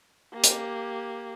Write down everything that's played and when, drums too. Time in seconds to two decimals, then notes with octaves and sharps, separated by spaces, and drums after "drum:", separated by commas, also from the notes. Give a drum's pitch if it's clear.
0.33 A#3 G4
0.44 drum: hi-hat